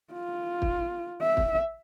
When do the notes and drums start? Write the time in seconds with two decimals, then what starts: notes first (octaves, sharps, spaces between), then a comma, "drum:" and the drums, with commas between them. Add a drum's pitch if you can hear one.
0.12 F4
0.62 drum: kick
1.22 E5
1.37 drum: kick